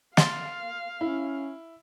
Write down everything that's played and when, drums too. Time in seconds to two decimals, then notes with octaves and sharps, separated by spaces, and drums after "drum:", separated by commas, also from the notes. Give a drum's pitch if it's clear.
0.17 F5 C6 A6, drum: snare
1.01 C#4 E4